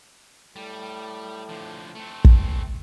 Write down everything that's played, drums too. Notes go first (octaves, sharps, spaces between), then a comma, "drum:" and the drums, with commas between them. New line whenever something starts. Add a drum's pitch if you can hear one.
A2 G3
D3 F3
A3 C4
drum: kick